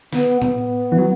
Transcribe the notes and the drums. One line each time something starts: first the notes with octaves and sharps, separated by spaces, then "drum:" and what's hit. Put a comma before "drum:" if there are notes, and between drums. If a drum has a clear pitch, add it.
B3, drum: snare
B3, drum: tom A2
E3
F#3